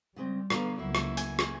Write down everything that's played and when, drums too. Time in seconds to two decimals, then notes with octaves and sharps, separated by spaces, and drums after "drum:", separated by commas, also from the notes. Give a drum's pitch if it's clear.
0.16 C#3 G3 G#3 C4
0.50 D3 B3 F5 A#5, drum: rim click
0.79 C#2 F#3 A#3 E4
0.95 drum: rim click
1.17 G#5, drum: hi-hat
1.39 drum: rim click